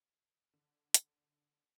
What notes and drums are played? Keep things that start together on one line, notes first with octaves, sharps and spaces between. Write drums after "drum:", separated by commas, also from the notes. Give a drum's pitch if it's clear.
D3
drum: hi-hat